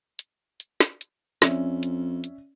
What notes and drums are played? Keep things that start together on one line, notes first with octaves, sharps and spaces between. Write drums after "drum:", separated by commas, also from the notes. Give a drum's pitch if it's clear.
drum: hi-hat
drum: hi-hat
drum: snare
drum: hi-hat
F2 C#4 D5 E5, drum: snare
drum: hi-hat
drum: hi-hat